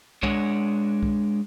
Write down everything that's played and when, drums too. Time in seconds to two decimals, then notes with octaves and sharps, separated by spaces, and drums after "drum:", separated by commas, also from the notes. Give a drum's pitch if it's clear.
0.23 G#3 D4 C#5 F#5, drum: kick B1
1.03 drum: kick B1